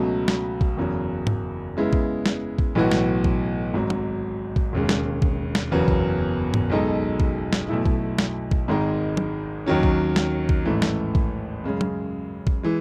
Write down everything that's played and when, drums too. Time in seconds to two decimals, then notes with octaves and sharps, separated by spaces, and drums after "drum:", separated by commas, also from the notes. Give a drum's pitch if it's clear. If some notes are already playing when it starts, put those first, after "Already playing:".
Already playing: C#2 B2 F#3 A3
0.28 drum: snare
0.61 drum: kick A1
0.77 F#1 E2 C#3 F#3
1.27 drum: tom G#2
1.77 C#3 G#3 B3 E4
1.93 drum: kick A1
2.26 drum: snare
2.59 drum: kick A1
2.75 B1 A2 E3 B3 F#4
2.91 drum: snare
3.24 drum: kick A1
3.74 G#1 G#2 F#3
3.90 drum: tom
4.56 drum: kick A1
4.73 E1 D#2 C#3 G#3
4.89 drum: snare
5.22 drum: kick A1
5.55 drum: snare
5.71 F#1 E2 C#3 F#3 B3
5.88 drum: kick A1
6.54 drum: tom G#2
6.70 B1 B2 G#3 D#4 A4
7.20 drum: kick A1
7.53 drum: snare
7.68 B1 B2 A3 E4
7.86 drum: kick A1
8.18 drum: snare
8.51 drum: kick A1
8.68 G#1 G#2 D#3 G#3 D#4
9.17 drum: tom
9.66 D#2 D#3 F#3 C#4
9.83 drum: kick A1
10.16 drum: snare
10.49 drum: kick A1
10.65 A1 G#2 E3 A3
10.82 drum: snare
11.15 drum: kick A1
11.64 F#2 C#3 G#3
11.81 drum: tom
12.47 drum: kick A1
12.63 E3 G#3